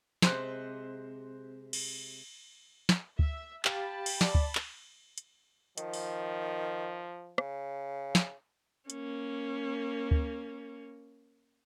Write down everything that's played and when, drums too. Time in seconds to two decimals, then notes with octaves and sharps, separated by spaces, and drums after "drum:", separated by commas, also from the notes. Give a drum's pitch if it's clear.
0.22 C3 G#3 C5 F#6, drum: snare
1.73 drum: cymbal
2.89 drum: snare
3.19 E5, drum: kick D2
3.65 G4 F5 G5 A5 B5, drum: clap
4.06 drum: cymbal
4.21 D5, drum: snare
4.35 drum: kick D2
4.55 drum: clap
5.18 drum: hi-hat
5.78 D#3 F3, drum: hi-hat
5.93 drum: open hi-hat
7.38 C#3, drum: rim click
8.15 drum: snare
8.90 A#3 C#4, drum: hi-hat
10.11 drum: kick D2